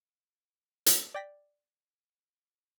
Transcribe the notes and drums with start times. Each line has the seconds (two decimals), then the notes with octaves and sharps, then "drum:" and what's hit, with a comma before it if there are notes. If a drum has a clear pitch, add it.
0.86 drum: hi-hat
1.14 D5 G5 A#6 B6